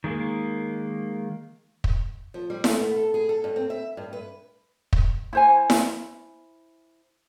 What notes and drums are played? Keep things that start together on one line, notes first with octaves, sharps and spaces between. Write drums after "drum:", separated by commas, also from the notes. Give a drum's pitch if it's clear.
D#3 G#3 A#3
drum: kick
F3
G3
A3, drum: snare E4
B3
A4
G#4
A4
G2
C4
E5
G2
B4
drum: kick
E4 C5 G#5
drum: snare E4